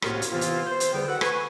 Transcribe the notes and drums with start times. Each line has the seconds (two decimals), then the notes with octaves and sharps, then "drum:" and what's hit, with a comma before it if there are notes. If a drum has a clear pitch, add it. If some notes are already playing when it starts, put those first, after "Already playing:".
0.02 C2 A2 A#3 C#4 F4 F#4, drum: rim click
0.22 drum: hi-hat
0.31 C3 E3 B3 E4 F4
0.41 drum: hi-hat
0.65 C5
0.80 drum: hi-hat
0.93 E2 D3 G3 B3 G5
1.07 F#4 A4 B4 F#5
1.21 B4 G#5 C#6, drum: rim click